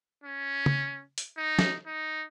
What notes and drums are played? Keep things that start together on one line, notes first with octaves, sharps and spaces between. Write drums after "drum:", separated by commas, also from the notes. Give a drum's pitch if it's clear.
C#4
drum: tom
drum: hi-hat
D#4
drum: snare
D#4